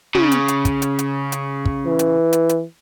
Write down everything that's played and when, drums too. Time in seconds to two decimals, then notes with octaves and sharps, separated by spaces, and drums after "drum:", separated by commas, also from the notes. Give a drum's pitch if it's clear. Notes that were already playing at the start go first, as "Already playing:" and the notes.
0.15 C#3, drum: tom
0.32 drum: hi-hat
0.48 drum: hi-hat
0.65 drum: kick, hi-hat
0.82 drum: hi-hat
0.99 drum: hi-hat
1.32 drum: hi-hat
1.66 drum: kick
1.86 E3
1.99 drum: hi-hat
2.33 drum: hi-hat
2.49 drum: hi-hat